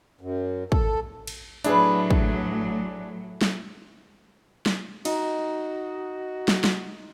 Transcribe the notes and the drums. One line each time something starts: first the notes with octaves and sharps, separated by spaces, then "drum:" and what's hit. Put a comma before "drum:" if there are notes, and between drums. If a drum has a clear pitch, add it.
F#2
A4, drum: kick
drum: cymbal
A2 F#3 D4 E4 G#4 A4 B4, drum: hi-hat
drum: kick
drum: snare
drum: snare
D#4 F#4, drum: cymbal
drum: snare
drum: snare